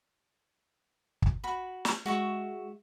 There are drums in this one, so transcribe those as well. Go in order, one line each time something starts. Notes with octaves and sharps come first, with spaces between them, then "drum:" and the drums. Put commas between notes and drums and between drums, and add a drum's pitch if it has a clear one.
drum: kick
F#4 B5
drum: snare
G#3 F#4 E5 C#6